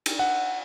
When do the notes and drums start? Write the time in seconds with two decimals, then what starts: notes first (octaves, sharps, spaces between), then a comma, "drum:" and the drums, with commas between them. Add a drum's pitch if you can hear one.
0.06 drum: cymbal
0.19 F#5